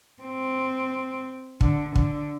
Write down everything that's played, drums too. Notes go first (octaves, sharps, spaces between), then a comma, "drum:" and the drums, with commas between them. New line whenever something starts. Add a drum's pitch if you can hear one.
C4
D3, drum: kick
D3, drum: kick